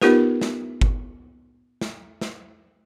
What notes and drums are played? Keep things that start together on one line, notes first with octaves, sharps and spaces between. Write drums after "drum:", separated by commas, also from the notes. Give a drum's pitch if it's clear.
B3 D#4 F4 G4 A#4 B4, drum: snare
drum: snare
drum: kick G1
drum: snare
drum: snare